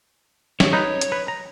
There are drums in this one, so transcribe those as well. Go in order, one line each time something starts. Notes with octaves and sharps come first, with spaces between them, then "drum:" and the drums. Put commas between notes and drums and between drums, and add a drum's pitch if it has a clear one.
C#5, drum: snare
D#4 B4
drum: hi-hat
B4
A#5